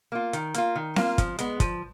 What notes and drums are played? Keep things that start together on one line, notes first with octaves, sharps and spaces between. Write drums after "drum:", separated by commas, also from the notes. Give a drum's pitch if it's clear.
A#3 F4
D#3, drum: hi-hat
A#3 F4, drum: hi-hat
D#3
A#3 F4, drum: snare C4
F3, drum: kick, hi-hat
G#3 B3, drum: hi-hat
F3, drum: kick, hi-hat